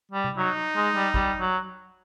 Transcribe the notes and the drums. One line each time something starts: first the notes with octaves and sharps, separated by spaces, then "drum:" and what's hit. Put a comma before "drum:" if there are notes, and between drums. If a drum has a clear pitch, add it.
G3
drum: tom C3
F#3 D#4
G#3
G3
G3, drum: kick G#1
F#3